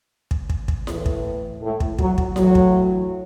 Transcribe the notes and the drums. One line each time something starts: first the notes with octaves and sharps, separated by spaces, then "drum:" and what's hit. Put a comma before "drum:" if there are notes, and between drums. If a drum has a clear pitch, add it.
drum: kick
drum: kick
drum: kick
A2 E3, drum: snare E4
drum: kick
A2 A3
drum: kick
F#3, drum: kick
drum: kick
A2 E3 F#3, drum: snare E4
drum: kick